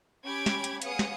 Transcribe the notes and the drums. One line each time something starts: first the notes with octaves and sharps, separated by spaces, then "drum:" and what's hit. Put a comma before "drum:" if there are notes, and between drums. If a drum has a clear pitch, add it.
C#4 G4 B5 D6 G#6 D7
drum: snare
drum: hi-hat
B3 C#4 G#4 F5 D#6 C#7, drum: hi-hat
drum: snare